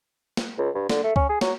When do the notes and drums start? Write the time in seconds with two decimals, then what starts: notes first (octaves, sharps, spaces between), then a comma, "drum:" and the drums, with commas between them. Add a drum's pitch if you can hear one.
0.37 drum: snare
0.58 C#2
0.75 G2
0.90 D3, drum: snare
1.04 A3
1.16 C#4, drum: kick C#2
1.29 G#4
1.41 F#3, drum: snare